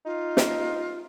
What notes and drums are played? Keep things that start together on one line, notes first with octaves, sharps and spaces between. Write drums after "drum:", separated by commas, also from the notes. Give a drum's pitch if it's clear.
D#4 F4
drum: snare